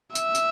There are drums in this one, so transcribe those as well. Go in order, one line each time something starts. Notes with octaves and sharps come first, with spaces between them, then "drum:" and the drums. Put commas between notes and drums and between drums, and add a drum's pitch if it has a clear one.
E5, drum: tambourine
drum: tambourine